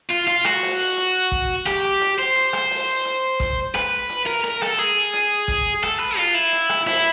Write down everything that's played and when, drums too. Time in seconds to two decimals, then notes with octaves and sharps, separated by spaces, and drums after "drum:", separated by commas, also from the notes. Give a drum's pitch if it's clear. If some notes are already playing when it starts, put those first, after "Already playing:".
0.10 F4
0.27 F4, drum: hi-hat
0.44 F#4, drum: rim click
0.62 drum: open hi-hat
0.97 drum: hi-hat
1.32 drum: kick A1
1.66 G4, drum: rim click
2.01 drum: hi-hat
2.19 C5
2.36 drum: hi-hat
2.53 drum: rim click
2.70 drum: open hi-hat
3.05 drum: hi-hat
3.40 drum: kick A1, hi-hat
3.74 B4, drum: rim click
4.09 drum: hi-hat
4.27 A#4
4.44 A#4, drum: hi-hat
4.62 A4, drum: rim click
4.79 G#4
5.13 drum: hi-hat
5.48 drum: kick A1, hi-hat
5.83 A4, drum: rim click
5.99 B4
6.18 F4, drum: hi-hat
6.35 E4
6.52 drum: hi-hat
6.69 drum: rim click
6.87 E4, drum: open hi-hat